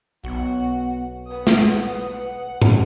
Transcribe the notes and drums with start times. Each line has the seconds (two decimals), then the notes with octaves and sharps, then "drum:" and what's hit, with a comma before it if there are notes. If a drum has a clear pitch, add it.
0.24 B1 B3 F#4 F#5
1.27 B3 B4 D#6
1.47 drum: snare
2.10 F#5
2.62 drum: tom G2